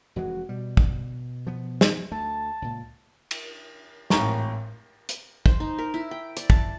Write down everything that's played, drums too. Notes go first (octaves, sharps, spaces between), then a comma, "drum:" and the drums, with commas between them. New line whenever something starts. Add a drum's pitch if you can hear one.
F1 E3 G#3 F#4
B2 G3
drum: kick
F3 B3
drum: snare
D2 A3 A5
C#2 A#2
drum: cymbal
G#1 A2 E3 A#4 A#5 C#6, drum: snare
drum: hi-hat
C5, drum: kick
D#4
A#4
E4
G5
D5, drum: hi-hat
A5, drum: kick